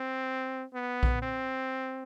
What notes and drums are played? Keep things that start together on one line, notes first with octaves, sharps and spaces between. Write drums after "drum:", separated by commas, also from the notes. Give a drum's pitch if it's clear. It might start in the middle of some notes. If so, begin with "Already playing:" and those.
Already playing: C4
B3
drum: kick A#1
C4